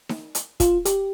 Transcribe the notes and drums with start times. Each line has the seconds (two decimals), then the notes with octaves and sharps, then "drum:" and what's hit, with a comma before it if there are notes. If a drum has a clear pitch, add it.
0.09 drum: snare D#4
0.35 drum: hi-hat
0.60 F4, drum: kick, hi-hat
0.85 G4, drum: hi-hat